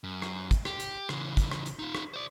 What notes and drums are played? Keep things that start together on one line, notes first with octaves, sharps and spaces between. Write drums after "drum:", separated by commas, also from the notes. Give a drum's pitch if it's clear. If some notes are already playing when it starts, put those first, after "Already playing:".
F#2
drum: rim click
drum: kick, hi-hat
G4, drum: rim click
drum: hi-hat
C#3 E3, drum: rim click
drum: kick, hi-hat
drum: rim click
drum: hi-hat
D#4 F4
drum: rim click
C5 D5